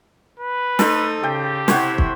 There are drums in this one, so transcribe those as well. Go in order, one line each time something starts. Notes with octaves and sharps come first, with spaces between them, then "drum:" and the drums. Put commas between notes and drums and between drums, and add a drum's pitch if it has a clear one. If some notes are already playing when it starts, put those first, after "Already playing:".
B4
A3 D#4 A4 C5, drum: snare
C#3 G4 G5
C3 E4 C5 C#5 F#5, drum: snare
drum: kick